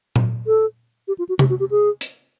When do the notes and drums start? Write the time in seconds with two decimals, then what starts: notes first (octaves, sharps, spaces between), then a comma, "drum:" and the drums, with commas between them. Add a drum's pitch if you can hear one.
0.16 drum: tom A#2
0.47 A4
1.08 G4
1.19 F4
1.29 F#4
1.39 G4, drum: tom C3
1.50 F#4
1.60 G4
1.71 G#4
2.01 drum: hi-hat